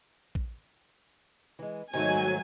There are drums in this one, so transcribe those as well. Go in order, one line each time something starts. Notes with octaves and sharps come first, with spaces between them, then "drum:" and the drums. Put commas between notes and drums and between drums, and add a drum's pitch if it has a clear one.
drum: kick
E3 G#3
G#2 D#3 F#3 A3 G#5, drum: cymbal
drum: tom G3